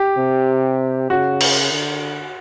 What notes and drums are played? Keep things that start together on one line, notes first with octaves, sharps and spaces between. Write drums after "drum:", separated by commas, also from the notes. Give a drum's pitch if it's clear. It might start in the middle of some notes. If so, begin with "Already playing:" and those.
Already playing: G4
C3
C#3 F#4
drum: cymbal
D3